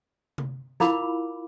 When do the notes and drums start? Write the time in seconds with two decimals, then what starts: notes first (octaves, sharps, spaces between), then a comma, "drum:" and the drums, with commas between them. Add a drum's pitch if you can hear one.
0.38 drum: tom C3
0.80 E4 F4 A#4 F5 B5 D6, drum: snare